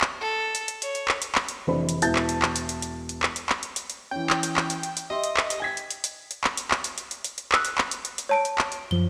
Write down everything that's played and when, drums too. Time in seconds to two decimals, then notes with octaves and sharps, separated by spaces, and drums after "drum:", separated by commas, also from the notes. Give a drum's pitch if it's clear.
0.01 drum: clap
0.21 A4
0.55 drum: hi-hat
0.68 drum: hi-hat
0.82 C#5, drum: hi-hat
0.95 drum: hi-hat
1.08 drum: clap
1.22 drum: hi-hat
1.35 drum: clap
1.48 drum: hi-hat
1.67 F1 E3 D4 C5 B5
1.89 drum: hi-hat
2.02 E1 E4 A5 G6 A6, drum: hi-hat
2.15 drum: clap
2.29 drum: hi-hat
2.42 drum: clap
2.56 drum: hi-hat
2.69 drum: hi-hat
2.82 drum: hi-hat
3.09 drum: hi-hat
3.23 drum: clap
3.36 drum: hi-hat
3.49 drum: clap
3.63 drum: hi-hat
3.76 drum: hi-hat
3.90 drum: hi-hat
4.11 E3 C#4 G5
4.30 drum: clap
4.43 drum: hi-hat
4.57 drum: clap
4.70 drum: hi-hat
4.83 drum: hi-hat
4.97 drum: hi-hat
5.10 G4 D#5 E5 C6
5.24 drum: hi-hat
5.37 drum: clap
5.50 drum: hi-hat
5.60 G5 G#6 B6
5.77 drum: hi-hat
5.90 drum: hi-hat
6.04 drum: hi-hat
6.31 drum: hi-hat
6.44 drum: clap
6.57 drum: hi-hat
6.71 drum: clap
6.84 drum: hi-hat
6.98 drum: hi-hat
7.11 drum: hi-hat
7.24 drum: hi-hat
7.38 drum: hi-hat
7.52 D#6 E6 F#6, drum: clap
7.65 drum: hi-hat
7.78 drum: clap
7.91 drum: hi-hat
8.05 drum: hi-hat
8.18 drum: hi-hat
8.29 C#5 A5 D7
8.45 drum: hi-hat
8.58 drum: clap
8.72 drum: hi-hat
8.91 F#2 F3 G7